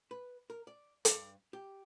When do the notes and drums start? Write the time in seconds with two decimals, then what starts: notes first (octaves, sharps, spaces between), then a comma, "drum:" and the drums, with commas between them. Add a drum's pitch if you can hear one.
0.11 B4
0.50 A#4
0.67 D5
1.05 G2, drum: hi-hat
1.53 G4